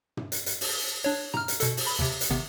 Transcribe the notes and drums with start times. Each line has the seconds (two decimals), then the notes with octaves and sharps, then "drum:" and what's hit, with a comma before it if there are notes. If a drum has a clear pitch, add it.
0.17 drum: tom
0.32 drum: hi-hat
0.46 drum: hi-hat
0.61 drum: open hi-hat
1.04 D4 C#5
1.34 A#5 F6, drum: tom
1.48 drum: hi-hat
1.60 B2 A4, drum: hi-hat
1.77 drum: open hi-hat
1.87 B5
1.99 D#2 C3
2.21 drum: hi-hat
2.30 G#1 C3 B3